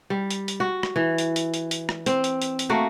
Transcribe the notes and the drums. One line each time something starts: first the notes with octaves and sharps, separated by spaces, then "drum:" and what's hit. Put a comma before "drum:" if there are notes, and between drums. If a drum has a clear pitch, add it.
G3
drum: hi-hat
drum: hi-hat
F#4
drum: rim click
E3
drum: hi-hat
drum: hi-hat
drum: hi-hat
drum: hi-hat
drum: rim click
C4, drum: hi-hat
drum: hi-hat
drum: hi-hat
drum: hi-hat
A3 A#3 F#4